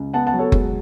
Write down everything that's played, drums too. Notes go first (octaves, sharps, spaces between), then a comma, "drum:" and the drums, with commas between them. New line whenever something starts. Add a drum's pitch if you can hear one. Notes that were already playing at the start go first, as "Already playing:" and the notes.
Already playing: C#2
B3 F#5 A5
F#5 A5
F#3
A4 C#5
G#3, drum: kick F#1